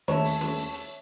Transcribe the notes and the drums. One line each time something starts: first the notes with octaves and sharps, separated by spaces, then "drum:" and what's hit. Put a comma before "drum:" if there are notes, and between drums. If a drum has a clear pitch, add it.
D#2 A3 C#5 E5 A5, drum: snare C#4
drum: open hi-hat
drum: snare C#4
drum: open hi-hat
drum: hi-hat